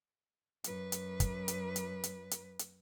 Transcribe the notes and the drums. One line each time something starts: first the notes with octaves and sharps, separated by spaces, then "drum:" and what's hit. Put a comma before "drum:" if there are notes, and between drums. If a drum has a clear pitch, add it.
F#2 B4, drum: hi-hat
drum: hi-hat
drum: kick, hi-hat
drum: hi-hat
drum: hi-hat
drum: hi-hat
drum: hi-hat
drum: hi-hat